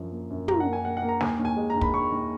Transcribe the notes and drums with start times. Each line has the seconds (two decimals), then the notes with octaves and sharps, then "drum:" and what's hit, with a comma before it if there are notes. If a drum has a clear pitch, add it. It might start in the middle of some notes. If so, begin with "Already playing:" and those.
Already playing: F#2 F3
0.12 A#3
0.30 F#2
0.48 F#2 A#5, drum: tom
0.60 F#5
0.67 A#3
0.73 G#5
0.85 A#3 F#5
0.97 F#5
1.02 A#3
1.08 A#5
1.21 D#2 G#5, drum: snare
1.39 D#2
1.45 G#5
1.56 G#3
1.70 A#5
1.76 D#2
1.81 B5, drum: kick
1.94 D#2 C#6
2.12 D#2